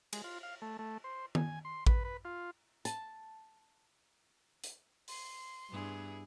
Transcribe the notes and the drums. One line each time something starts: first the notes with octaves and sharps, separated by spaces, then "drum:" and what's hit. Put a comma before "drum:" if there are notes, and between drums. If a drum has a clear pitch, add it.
G#3, drum: cymbal
F4
F5
A3
A3
C5
G#5, drum: tom D#3
C6
B4, drum: kick A1
B4
F4
A5, drum: hi-hat
drum: hi-hat
C6, drum: open hi-hat
G2 B3 E4 G#4